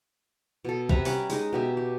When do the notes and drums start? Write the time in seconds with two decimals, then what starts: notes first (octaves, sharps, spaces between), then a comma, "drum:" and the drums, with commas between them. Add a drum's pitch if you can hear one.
0.65 B2 A4
0.89 C3 B4 E5 A#5, drum: kick
1.05 G3 C#4 F#5 D6, drum: open hi-hat
1.30 G#3 D#4 D#5, drum: open hi-hat
1.53 B2 G4 E5
1.77 G4